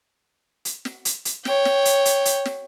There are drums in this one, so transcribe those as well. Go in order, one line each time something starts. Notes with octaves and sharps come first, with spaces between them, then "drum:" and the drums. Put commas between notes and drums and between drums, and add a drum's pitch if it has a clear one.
drum: hi-hat
drum: snare
drum: hi-hat
drum: hi-hat
C#5 G5, drum: snare
drum: snare
drum: hi-hat
drum: hi-hat
drum: hi-hat
drum: snare